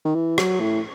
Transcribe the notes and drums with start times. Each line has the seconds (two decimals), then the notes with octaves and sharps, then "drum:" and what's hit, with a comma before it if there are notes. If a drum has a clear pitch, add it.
0.05 D#3
0.15 E3
0.38 F#3, drum: rim click
0.60 A2